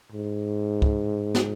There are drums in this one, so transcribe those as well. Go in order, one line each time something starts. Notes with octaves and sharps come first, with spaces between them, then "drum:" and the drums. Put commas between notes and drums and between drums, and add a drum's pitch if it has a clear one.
G#2
drum: kick
drum: snare